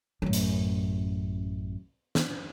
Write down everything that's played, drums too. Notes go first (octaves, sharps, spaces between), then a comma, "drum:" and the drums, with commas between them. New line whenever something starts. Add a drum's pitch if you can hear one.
A1 F#2
drum: hi-hat
drum: snare